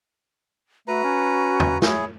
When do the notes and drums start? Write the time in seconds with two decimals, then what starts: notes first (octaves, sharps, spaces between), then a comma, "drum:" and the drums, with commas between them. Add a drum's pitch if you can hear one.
0.88 A3 F#4 B4 A#5
1.04 C#4
1.60 drum: tom
1.82 E4 G#4 C#5, drum: snare